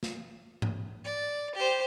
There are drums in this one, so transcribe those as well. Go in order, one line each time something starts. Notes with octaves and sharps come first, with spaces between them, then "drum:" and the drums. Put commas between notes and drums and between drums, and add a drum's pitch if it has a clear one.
drum: snare
drum: tom G#2
D5
G4 C5